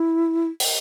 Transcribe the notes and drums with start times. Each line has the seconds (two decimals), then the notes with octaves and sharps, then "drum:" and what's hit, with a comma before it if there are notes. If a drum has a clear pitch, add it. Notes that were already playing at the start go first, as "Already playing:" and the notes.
Already playing: E4
0.60 drum: open hi-hat